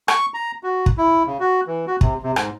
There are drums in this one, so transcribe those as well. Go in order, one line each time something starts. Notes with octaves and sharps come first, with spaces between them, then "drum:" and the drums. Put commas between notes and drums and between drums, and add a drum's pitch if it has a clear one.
C#6, drum: rim click
A#5
F#4
drum: kick
E4
C#3
F#4
E3
F#4
C3, drum: kick
C3
G#2, drum: rim click